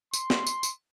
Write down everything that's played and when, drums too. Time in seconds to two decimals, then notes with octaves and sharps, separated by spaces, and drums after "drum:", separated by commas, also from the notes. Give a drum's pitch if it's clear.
0.13 C6, drum: tambourine
0.30 drum: snare
0.47 drum: tambourine
0.63 drum: tambourine